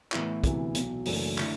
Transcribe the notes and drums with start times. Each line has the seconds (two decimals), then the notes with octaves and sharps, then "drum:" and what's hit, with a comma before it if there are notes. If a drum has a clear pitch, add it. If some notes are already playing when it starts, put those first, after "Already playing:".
0.12 A2 E3 B3 E4, drum: clap
0.44 D2 C3 E3 B3 E4, drum: kick, hi-hat
0.75 B1 B2 F#3, drum: hi-hat
1.05 F#1 F#2 E3 A3 D4, drum: open hi-hat
1.38 D3 A3 E4, drum: clap